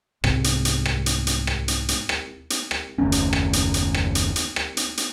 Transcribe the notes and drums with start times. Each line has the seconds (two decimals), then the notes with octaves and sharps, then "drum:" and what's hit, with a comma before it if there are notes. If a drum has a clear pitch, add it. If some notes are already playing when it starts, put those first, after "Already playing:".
0.24 C2 G#2 C3 G#3, drum: rim click
0.44 drum: hi-hat
0.65 drum: hi-hat
0.85 drum: rim click
1.06 drum: hi-hat
1.27 drum: hi-hat
1.47 drum: rim click
1.68 drum: hi-hat
1.88 drum: hi-hat
2.09 drum: rim click
2.50 drum: hi-hat
2.71 drum: rim click
2.98 F#1 D#2 A3 C#4
3.12 drum: hi-hat
3.33 drum: rim click
3.53 drum: hi-hat
3.74 drum: hi-hat
3.94 drum: rim click
4.15 drum: hi-hat
4.36 drum: hi-hat
4.56 drum: rim click
4.77 drum: hi-hat
4.97 drum: hi-hat